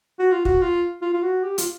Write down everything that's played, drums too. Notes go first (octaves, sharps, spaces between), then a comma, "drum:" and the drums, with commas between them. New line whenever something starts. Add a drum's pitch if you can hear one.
F#4
F4
F#4, drum: kick
F4
F4
F4
F#4
G4
F4, drum: hi-hat